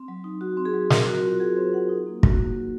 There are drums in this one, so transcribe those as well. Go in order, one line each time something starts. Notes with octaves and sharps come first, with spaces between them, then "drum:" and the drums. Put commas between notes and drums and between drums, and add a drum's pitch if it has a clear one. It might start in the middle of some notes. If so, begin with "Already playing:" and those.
Already playing: C4
F#3
D#4
F#3 F#4
C4
G#4
F#3
C4 A#4, drum: snare
F#3 F#4
F4 F#4
F#3 G#4
C4 C5
F#3 F#5
D#4
A#3
F#4, drum: kick
A#3
D#4